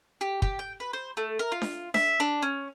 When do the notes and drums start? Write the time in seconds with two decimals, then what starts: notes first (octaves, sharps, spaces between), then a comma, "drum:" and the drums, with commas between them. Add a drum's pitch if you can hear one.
0.21 G4
0.42 G4, drum: kick
0.59 G5
0.80 B4
0.93 C5
1.17 A3
1.39 A#4
1.52 F4
1.62 drum: snare D4
1.94 E5, drum: snare D4
2.20 D4
2.42 C#4